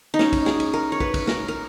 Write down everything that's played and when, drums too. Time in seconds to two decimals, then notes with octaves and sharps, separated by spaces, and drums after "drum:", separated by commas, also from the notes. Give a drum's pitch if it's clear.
0.14 D#4
0.19 C#4, drum: snare
0.33 drum: kick, cymbal
0.46 G#4, drum: snare
0.60 drum: cymbal
0.74 A#4
0.92 C#5
1.00 B4, drum: kick
1.14 drum: kick, cymbal
1.27 A#4, drum: snare
1.48 A#4